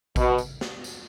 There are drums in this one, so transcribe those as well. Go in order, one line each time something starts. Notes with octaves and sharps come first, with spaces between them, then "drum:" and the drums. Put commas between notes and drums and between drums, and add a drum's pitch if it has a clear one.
B2, drum: kick A1, tambourine
drum: tambourine
drum: snare
drum: tambourine